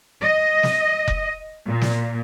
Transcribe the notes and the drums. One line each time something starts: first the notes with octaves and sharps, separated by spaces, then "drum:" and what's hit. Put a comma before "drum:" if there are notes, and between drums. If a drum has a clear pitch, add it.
D#5
drum: snare
drum: kick F1
A#2
drum: snare